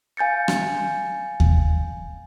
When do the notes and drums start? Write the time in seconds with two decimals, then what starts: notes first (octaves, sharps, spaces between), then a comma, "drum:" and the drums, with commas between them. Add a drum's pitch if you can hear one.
0.17 F5 G#5 G6 A6 C#7
0.48 drum: rim click
1.40 drum: kick D#2